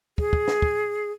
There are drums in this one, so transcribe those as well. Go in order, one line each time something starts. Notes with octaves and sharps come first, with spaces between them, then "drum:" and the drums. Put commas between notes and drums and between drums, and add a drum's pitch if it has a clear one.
G#4, drum: kick
drum: kick
drum: snare
drum: kick